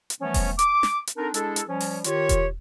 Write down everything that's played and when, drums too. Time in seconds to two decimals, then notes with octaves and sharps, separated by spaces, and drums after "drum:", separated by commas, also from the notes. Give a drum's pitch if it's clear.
0.10 drum: hi-hat
0.20 E3 F3 G3 A3 B3 C#4
0.34 drum: kick E1, open hi-hat
0.59 D6, drum: hi-hat
0.83 drum: snare
1.07 drum: hi-hat
1.17 C4 D4 D#4 A4 A#4
1.34 G#3 D4 E4 G#4 A4, drum: hi-hat
1.56 drum: hi-hat
1.68 F3 G3 C#4
1.81 drum: open hi-hat
2.04 D#3 F4 G4 C#5, drum: hi-hat
2.29 drum: kick E1, hi-hat